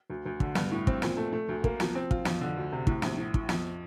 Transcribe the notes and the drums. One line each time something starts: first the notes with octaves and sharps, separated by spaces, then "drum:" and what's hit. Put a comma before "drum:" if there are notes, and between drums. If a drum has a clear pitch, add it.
D2
D2
D3, drum: kick
G2, drum: snare
A2
C4, drum: kick
A#2, drum: snare
A3
A3
D2
A#3, drum: kick
F3, drum: snare
C4
F4, drum: kick
F2, drum: snare
D3
D2
C3
A2, drum: kick
A#1, drum: snare
A2
A2, drum: kick
F2, drum: snare